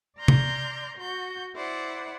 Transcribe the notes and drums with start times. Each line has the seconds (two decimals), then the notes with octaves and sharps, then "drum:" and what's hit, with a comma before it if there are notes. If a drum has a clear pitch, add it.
0.18 D5 A#5 C6 F6 G6
0.28 drum: tom
0.98 F#4 G6
1.55 E4 C5 D5 F#5